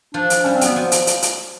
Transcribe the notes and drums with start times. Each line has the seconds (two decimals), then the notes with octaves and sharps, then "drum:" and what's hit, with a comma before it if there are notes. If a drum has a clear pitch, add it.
0.14 F3 D4
0.30 drum: hi-hat
0.45 G3 C#4
0.56 C4
0.61 F#3 B3, drum: hi-hat
0.76 F3
0.92 drum: hi-hat
1.07 drum: hi-hat
1.22 drum: hi-hat